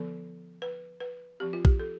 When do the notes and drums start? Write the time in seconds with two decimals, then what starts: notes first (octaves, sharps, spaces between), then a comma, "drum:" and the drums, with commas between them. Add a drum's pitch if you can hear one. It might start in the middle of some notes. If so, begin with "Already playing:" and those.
Already playing: D3 F3 B3 A4
0.62 B4
1.00 B4
1.40 F3 C4 G4
1.53 F4
1.65 G4, drum: kick A#1
1.79 A4